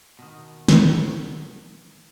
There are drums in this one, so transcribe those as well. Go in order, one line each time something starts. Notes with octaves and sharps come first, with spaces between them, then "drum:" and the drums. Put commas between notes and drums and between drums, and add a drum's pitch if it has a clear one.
B2 D#3
drum: snare